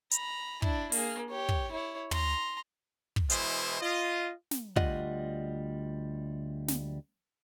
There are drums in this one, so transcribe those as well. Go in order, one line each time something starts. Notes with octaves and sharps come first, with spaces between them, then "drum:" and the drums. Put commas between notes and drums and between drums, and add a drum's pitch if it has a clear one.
A#5 B5, drum: hi-hat
D4 E4, drum: kick
A#3 G#4, drum: open hi-hat
G4 C#5
drum: kick
E4 C#5
A#5 C6, drum: tom
drum: kick
B2 E3 G#3 E4 C5, drum: hi-hat
F4 D#5
drum: snare
D2 G3 F4 D#5 F#5, drum: kick
drum: snare